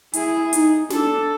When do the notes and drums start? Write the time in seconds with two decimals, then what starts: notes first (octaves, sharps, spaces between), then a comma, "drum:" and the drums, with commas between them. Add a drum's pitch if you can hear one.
0.14 E4 G#4, drum: hi-hat
0.53 D#4, drum: hi-hat
0.90 D4 A4, drum: snare